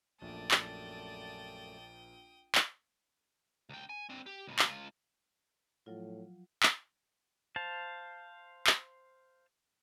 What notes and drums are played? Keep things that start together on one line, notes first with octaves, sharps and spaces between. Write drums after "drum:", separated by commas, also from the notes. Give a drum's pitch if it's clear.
A#1 F#2 A3 D5 G5 A5 D#6
drum: clap
drum: clap
C#2 G5
G#5
C4 D4
G4
C#2 A#2
drum: clap
C#2 F4
A2 F3 F#3 F4
drum: clap
C5 F5 A5
drum: clap